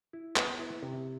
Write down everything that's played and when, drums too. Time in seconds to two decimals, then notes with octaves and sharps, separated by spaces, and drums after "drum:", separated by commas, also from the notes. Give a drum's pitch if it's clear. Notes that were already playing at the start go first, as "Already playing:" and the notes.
0.13 E4
0.36 B3, drum: clap
0.59 E4
0.83 C3